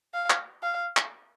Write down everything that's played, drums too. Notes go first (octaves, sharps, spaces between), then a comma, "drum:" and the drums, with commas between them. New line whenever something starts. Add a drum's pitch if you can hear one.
F5
drum: clap
F5
drum: clap